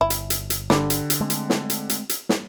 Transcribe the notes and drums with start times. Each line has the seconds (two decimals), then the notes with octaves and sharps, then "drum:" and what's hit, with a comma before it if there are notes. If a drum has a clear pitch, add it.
0.01 G1 E4
0.10 drum: hi-hat
0.30 drum: hi-hat
0.50 drum: hi-hat
0.70 D3 G3, drum: snare
0.90 drum: hi-hat
1.10 drum: hi-hat
1.21 G#3 A3 C4
1.30 drum: hi-hat
1.50 drum: snare
1.70 drum: hi-hat
1.89 drum: hi-hat
2.09 drum: hi-hat
2.29 drum: snare